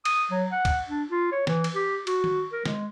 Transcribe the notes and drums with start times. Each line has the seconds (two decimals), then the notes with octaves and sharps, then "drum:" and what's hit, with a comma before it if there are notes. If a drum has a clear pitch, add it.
0.05 D#6, drum: cymbal
0.31 F#3
0.52 F#5
0.65 drum: kick, cymbal
0.89 D4
1.10 F4
1.32 C#5
1.47 E3, drum: snare
1.64 drum: cymbal
1.75 G4
2.07 F#4, drum: cymbal
2.24 drum: tom D#3
2.53 A#4
2.65 G#3, drum: snare